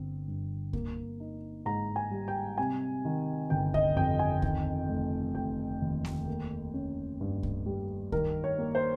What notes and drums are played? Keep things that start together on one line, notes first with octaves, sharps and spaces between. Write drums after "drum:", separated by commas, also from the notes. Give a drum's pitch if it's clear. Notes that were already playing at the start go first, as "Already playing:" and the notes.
Already playing: G1 C4
G2
A#3, drum: kick C2
D#4
G#2 A#5
G#5
G3
G5
C3 G#5
D#3
G1 G5
D#5, drum: kick C2
F2 G5
G#5
D#3 G5, drum: kick C2
F1
F1 G5
D#2
drum: snare A3
A#3
C#4
G2
drum: kick C2
G3
D#3 A#4, drum: kick C2
C#5
A#3
C5